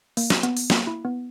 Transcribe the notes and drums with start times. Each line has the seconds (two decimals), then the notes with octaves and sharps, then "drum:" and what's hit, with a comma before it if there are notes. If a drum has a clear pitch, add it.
0.17 A#3, drum: open hi-hat
0.30 drum: snare
0.43 B3, drum: hi-hat
0.57 drum: open hi-hat
0.70 A#3, drum: snare
0.87 E4
1.05 B3